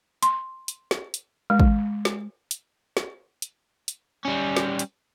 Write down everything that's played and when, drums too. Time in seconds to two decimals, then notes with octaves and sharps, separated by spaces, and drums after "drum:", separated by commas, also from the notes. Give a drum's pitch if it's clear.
0.23 C6, drum: hi-hat
0.68 drum: hi-hat
0.91 drum: snare
1.14 drum: hi-hat
1.50 G#3
1.60 drum: kick
2.05 drum: snare
2.51 drum: hi-hat
2.97 drum: snare
3.42 drum: hi-hat
3.88 drum: hi-hat
4.25 G3 C#4
4.57 drum: snare
4.79 drum: hi-hat